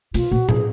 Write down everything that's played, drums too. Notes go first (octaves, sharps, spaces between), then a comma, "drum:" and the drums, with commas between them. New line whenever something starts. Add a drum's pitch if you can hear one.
C3 F4, drum: hi-hat
A#2 F#4
B2 G#4, drum: tom A2